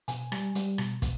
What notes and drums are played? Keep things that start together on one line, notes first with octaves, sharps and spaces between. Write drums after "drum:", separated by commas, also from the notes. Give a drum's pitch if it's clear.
B2 G#5, drum: hi-hat
G3, drum: rim click
G3, drum: hi-hat
B2, drum: rim click
B2, drum: kick, hi-hat